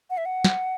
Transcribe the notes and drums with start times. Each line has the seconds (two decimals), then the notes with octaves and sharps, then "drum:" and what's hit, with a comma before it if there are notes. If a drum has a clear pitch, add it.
0.10 F#5
0.17 E5
0.25 F#5
0.45 drum: snare